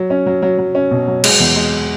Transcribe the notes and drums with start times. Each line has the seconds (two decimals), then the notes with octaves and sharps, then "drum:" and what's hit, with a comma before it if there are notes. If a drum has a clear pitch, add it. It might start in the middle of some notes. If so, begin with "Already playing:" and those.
Already playing: F#3
0.10 C#4
0.27 F#3
0.42 F#3
0.58 F#3
0.75 C#4
0.91 B2
1.08 F#3
1.24 G#3, drum: cymbal
1.40 E2
1.56 G#3